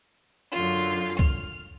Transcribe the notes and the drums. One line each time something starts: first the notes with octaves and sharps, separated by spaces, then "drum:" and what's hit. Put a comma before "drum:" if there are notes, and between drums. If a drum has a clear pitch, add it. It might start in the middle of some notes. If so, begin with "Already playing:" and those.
F#2 D3 F4
F6, drum: kick